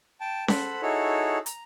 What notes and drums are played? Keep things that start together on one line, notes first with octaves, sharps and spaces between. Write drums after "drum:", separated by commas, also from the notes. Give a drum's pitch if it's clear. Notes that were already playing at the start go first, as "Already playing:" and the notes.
G5 A5
A4 C5 F#5 B5, drum: snare C#4
D#4 E4 F#4 G#4 A4 C#5
A#5, drum: hi-hat